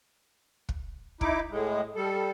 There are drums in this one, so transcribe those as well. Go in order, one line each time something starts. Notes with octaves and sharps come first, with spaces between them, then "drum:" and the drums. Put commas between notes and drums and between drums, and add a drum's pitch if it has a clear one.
drum: kick
D#4 E4 D6, drum: kick
A2 G#3
G3 A4